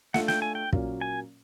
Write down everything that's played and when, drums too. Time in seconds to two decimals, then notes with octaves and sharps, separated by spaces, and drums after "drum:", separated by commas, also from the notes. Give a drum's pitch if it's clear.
0.14 A3 D4 F4 F#5, drum: snare
0.28 G5, drum: snare
0.42 G#5
0.55 G5
0.73 A#2 F#3 A#3 C#4, drum: kick
1.01 G#5